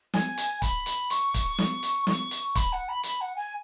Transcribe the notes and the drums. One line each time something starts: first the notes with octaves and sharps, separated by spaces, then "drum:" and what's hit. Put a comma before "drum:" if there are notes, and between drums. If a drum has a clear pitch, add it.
G#5, drum: snare
drum: hi-hat
B5, drum: kick, hi-hat
drum: hi-hat
C#6, drum: hi-hat
drum: kick, hi-hat
drum: snare
drum: hi-hat
C#6, drum: snare
drum: hi-hat
B5, drum: kick, hi-hat
F#5
B5
B5, drum: hi-hat
F#5
G#5